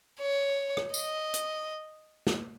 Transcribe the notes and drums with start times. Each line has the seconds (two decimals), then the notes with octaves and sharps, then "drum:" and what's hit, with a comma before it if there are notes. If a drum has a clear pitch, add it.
0.21 C#5
0.77 drum: rim click
0.94 D#5, drum: tambourine
1.34 drum: hi-hat
2.27 drum: snare